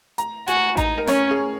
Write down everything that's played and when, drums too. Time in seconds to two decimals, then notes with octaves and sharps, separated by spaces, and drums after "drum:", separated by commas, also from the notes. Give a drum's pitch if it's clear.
0.18 A#5, drum: hi-hat
0.48 F#4 G#5, drum: hi-hat
0.77 D#4 A#5, drum: kick A1, hi-hat
0.98 A#4
1.07 C#4 C#5, drum: snare
1.31 G#4